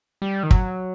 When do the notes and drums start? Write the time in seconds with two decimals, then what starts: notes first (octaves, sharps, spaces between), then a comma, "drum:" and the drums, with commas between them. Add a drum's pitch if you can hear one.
0.22 G3
0.43 D#3
0.51 F#3, drum: kick